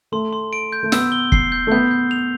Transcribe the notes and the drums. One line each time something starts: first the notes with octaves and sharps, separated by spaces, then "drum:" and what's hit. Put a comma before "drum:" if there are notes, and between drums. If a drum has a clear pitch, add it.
A3 C6
C6
D7
G6
A3
B3 E6, drum: snare
G7
C7, drum: kick
G6
A3
B3 G6
G6
F7